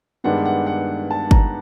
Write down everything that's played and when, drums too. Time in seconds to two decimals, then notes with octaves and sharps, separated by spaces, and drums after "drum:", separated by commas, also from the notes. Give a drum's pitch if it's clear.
0.24 G2 D#3 G#3 B3 D4 F#5
0.45 F#5
0.66 F#5
1.11 A5
1.31 A#5, drum: kick